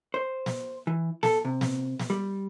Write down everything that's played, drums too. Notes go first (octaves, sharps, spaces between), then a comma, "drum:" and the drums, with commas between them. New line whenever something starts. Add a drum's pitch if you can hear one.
C5
drum: snare
E3
A4, drum: snare
C3
drum: snare
drum: snare
G3